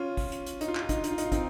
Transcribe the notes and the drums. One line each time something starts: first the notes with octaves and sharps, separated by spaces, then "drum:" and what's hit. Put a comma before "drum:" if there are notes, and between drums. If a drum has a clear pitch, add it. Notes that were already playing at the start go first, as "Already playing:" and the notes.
Already playing: C#4 F4
drum: kick, open hi-hat
drum: hi-hat
drum: hi-hat
D#4, drum: hi-hat
F4
D#4, drum: clap
F4
D#4, drum: kick, hi-hat
F4
D#4, drum: hi-hat
F4
D#4, drum: hi-hat
F4
C4 D#4, drum: kick, hi-hat